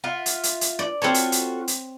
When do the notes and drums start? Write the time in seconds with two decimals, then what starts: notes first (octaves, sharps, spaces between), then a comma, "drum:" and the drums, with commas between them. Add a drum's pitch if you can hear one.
0.04 F4 E5 F#5
0.26 drum: hi-hat
0.43 drum: hi-hat
0.61 drum: hi-hat
0.79 D5
1.02 C4 F4 F#4 A4 C#5
1.14 drum: hi-hat
1.32 drum: hi-hat
1.68 drum: hi-hat